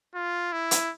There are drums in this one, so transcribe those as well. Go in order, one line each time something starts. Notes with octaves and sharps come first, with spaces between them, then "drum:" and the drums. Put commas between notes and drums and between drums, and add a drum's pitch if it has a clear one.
F4
E4
drum: hi-hat